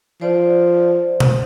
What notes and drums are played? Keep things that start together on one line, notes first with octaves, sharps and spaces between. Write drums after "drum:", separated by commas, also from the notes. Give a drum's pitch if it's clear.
F3 C5 D5
drum: tom B2